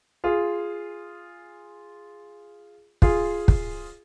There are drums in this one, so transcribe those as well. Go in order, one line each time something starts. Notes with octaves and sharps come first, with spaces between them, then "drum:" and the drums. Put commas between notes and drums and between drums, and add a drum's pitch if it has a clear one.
F4 G#4
F4 G#4, drum: kick
drum: kick